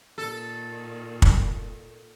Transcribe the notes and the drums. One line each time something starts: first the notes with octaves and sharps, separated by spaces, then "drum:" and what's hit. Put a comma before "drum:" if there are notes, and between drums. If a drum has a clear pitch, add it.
A#2 D#3 A4
drum: kick